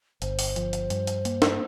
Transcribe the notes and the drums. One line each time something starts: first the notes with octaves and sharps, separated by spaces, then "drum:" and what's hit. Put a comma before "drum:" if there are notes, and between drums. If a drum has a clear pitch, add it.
G1 C5, drum: hi-hat
drum: open hi-hat
F3, drum: hi-hat
drum: hi-hat
G2, drum: hi-hat
drum: hi-hat
A#3, drum: hi-hat
drum: snare